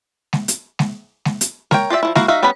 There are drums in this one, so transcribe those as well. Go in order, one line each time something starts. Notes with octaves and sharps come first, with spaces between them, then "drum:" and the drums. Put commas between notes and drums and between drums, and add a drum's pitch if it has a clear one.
drum: snare G#3
drum: hi-hat
drum: snare G#3
drum: snare G#3
drum: hi-hat
A#4 C#5 G5, drum: snare G#3
F4 G4 D5 E5
F3 A3 E4
A#3 E4 F#4 F5 A#5, drum: snare G#3
D#4 F#4 E5 F5
G3 B3 C#4 B4 B5